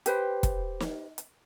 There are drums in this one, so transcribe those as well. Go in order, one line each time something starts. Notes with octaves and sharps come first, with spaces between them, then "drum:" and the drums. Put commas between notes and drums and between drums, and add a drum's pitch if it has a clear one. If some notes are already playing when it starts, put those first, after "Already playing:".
G4 B4 C5 G5, drum: hi-hat
drum: kick, hi-hat
drum: snare
drum: hi-hat